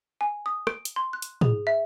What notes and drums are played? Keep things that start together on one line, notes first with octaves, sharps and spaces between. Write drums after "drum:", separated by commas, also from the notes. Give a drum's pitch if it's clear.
G#5
D#6
D7, drum: rim click
drum: hi-hat
C6
F#6
drum: hi-hat
G#4, drum: tom
E5